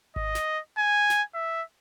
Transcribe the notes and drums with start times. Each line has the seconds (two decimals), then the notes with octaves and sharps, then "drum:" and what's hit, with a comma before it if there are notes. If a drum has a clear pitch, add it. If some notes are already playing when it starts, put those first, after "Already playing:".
0.16 D#5, drum: kick G#1
0.35 drum: snare
0.78 G#5
1.10 drum: snare
1.34 E5